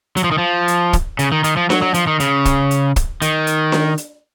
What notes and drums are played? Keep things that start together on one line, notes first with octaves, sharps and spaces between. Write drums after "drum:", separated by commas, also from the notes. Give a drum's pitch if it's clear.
F#3, drum: hi-hat
F3
D#3
F3
drum: hi-hat
drum: kick, hi-hat
C#3, drum: hi-hat
D#3
D#3, drum: hi-hat
F3
F#3, drum: snare D4
F#3
F3, drum: hi-hat
D#3
C#3, drum: hi-hat
drum: kick, hi-hat
drum: hi-hat
drum: kick, hi-hat
D#3, drum: hi-hat
drum: hi-hat
drum: snare D4
drum: hi-hat